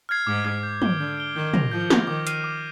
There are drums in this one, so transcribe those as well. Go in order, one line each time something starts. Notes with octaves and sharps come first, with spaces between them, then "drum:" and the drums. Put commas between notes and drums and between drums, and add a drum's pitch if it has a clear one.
F6 G#6 C7
G#2 D6
F6 G#6 C7
G6
D7 G7, drum: tom
D3 G6
D7 G7
D#3 G6
A#6 F7, drum: tom
F3 G6
A#6 F7, drum: snare
D#3 D6
F6 C7 D#7, drum: hi-hat
D6